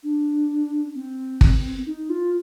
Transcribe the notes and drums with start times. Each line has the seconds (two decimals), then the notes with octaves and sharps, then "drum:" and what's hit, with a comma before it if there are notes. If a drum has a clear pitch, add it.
0.04 D4
0.95 C4
1.41 drum: kick
1.86 D#4
2.10 F4